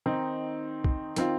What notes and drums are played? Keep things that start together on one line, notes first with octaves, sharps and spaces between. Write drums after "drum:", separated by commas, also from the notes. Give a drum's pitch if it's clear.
D#3 C4 D#4
drum: kick
D#3 C4 F4, drum: hi-hat